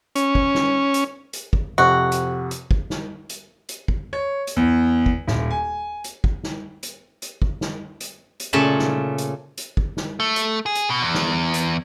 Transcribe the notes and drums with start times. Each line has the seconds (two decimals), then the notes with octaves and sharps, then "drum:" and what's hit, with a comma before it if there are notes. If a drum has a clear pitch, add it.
0.15 C#4, drum: hi-hat
0.35 drum: kick
0.55 drum: snare
0.94 drum: hi-hat
1.33 drum: hi-hat
1.53 drum: kick
1.78 F2 C3 F#4
2.12 drum: hi-hat
2.51 drum: hi-hat
2.71 drum: kick
2.90 drum: snare
3.29 drum: hi-hat
3.69 drum: hi-hat
3.88 drum: kick
4.13 C#5
4.47 drum: hi-hat
4.56 E2
5.06 drum: kick
5.28 D#1, drum: snare
5.51 G#5
6.04 drum: hi-hat
6.24 drum: kick
6.43 drum: snare
6.83 drum: hi-hat
7.22 drum: hi-hat
7.42 drum: kick
7.61 drum: snare
8.00 drum: hi-hat
8.40 drum: hi-hat
8.53 A#2 C#3 A3 C#4 A5 B5
8.79 drum: snare
9.18 drum: hi-hat
9.57 drum: hi-hat
9.77 drum: kick
9.97 drum: snare
10.20 A3
10.36 drum: hi-hat
10.66 G#4
10.75 drum: hi-hat
10.90 B2
11.03 E2
11.15 drum: snare
11.54 drum: hi-hat